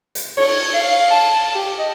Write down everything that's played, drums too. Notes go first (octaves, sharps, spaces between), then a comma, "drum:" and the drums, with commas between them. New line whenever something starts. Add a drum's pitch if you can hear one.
drum: hi-hat
C#5, drum: cymbal
F5
A5
G4
D#5